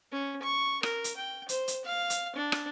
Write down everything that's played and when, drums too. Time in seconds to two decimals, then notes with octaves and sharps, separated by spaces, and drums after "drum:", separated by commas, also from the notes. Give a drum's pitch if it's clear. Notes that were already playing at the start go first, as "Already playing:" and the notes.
0.12 C#4
0.42 C#6
0.83 A#4, drum: rim click
1.04 drum: hi-hat
1.17 G5
1.49 C5, drum: hi-hat
1.68 drum: hi-hat
1.85 F5
2.10 drum: hi-hat
2.35 D4
2.52 drum: rim click